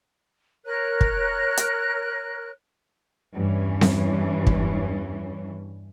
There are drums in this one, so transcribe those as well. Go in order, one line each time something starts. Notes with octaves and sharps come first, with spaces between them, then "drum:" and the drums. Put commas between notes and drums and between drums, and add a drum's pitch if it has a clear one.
A#4 C#5 F#6
drum: kick
drum: hi-hat
E2 G2 E3 C#4
drum: snare C4
drum: kick